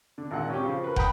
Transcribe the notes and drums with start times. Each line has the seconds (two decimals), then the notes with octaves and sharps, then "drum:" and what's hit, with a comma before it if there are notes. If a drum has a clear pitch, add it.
0.18 D3
0.31 G#1 A#2 F#5
0.50 C#4 G4
0.63 C#3 F3
0.84 A#4 B4
0.96 F#5 G5 A#5 B5 D#6, drum: kick